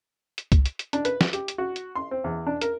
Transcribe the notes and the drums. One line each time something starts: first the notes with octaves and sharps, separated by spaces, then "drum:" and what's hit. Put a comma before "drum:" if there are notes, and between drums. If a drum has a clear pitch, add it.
drum: hi-hat
drum: kick C2, hi-hat
drum: hi-hat
drum: hi-hat
D4, drum: hi-hat
B4, drum: hi-hat
drum: snare
G4, drum: hi-hat
drum: hi-hat
F#4
drum: hi-hat
C6
C4
E2
D4
A#4, drum: hi-hat